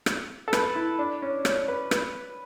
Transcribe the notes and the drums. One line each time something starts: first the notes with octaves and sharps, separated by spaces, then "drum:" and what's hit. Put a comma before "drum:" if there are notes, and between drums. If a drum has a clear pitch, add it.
drum: rim click
A4
B4, drum: rim click
E4
D4
C#4
C#4, drum: rim click
B4
B4, drum: rim click